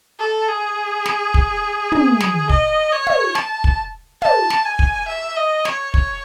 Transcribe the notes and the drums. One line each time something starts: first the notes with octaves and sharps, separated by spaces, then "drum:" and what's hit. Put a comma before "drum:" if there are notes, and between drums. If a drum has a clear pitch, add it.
A4
G#4
drum: snare
drum: kick
drum: tom
drum: snare
D#5, drum: kick
C#5
drum: tom
A5, drum: snare
drum: kick
A5, drum: tom
drum: snare
G#5
drum: kick
E5
D#5
C#5, drum: snare
C#5, drum: kick